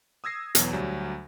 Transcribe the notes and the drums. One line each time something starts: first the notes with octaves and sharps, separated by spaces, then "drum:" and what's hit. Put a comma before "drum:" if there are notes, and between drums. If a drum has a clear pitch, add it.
D#6 E6 G#6 A#6 C7
E2 B2 F#3, drum: hi-hat
D2 F#3 G3